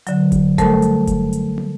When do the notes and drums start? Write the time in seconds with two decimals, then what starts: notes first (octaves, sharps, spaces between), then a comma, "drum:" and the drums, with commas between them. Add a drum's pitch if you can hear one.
0.07 D3 F#3, drum: hi-hat
0.32 drum: kick F#1, hi-hat
0.58 G3 A3 A4 A#4 C5, drum: kick F#1, hi-hat
0.82 drum: hi-hat
1.07 drum: kick F#1, hi-hat
1.33 drum: hi-hat
1.58 drum: tom